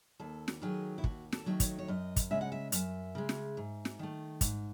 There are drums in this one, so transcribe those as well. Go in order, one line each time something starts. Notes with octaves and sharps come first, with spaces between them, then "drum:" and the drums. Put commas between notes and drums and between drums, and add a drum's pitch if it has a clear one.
D#2 A4
drum: snare
D#3 F#3 A3 G#4
E4
D#2 F#4, drum: kick
A4, drum: snare
D#3 F#3 A3
C#5, drum: kick, hi-hat
C#5
F#2 D#5
drum: kick, hi-hat
C#3 G#3 E5
F#5
E5
F#2 E5, drum: hi-hat
C#3 G#3
drum: snare
G#2
drum: snare
D#3 A3
G#2, drum: kick, hi-hat